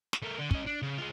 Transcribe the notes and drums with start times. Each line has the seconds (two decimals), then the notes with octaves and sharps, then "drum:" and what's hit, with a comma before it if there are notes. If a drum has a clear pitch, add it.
0.13 drum: snare
0.23 A3 A#4
0.39 D3
0.51 C#4 D#5, drum: kick
0.66 D4
0.82 C#3
0.98 G#3 F4